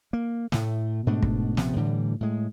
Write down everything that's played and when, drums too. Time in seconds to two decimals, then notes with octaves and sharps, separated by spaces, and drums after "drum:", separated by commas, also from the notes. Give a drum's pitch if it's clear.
0.13 A#3
0.52 A2 A3, drum: snare
1.07 G#2 B2 A3 D4
1.22 drum: kick
1.57 A#1 C3 F3 B3, drum: snare
1.76 A2 D3 E3 G3
2.21 A2 G#3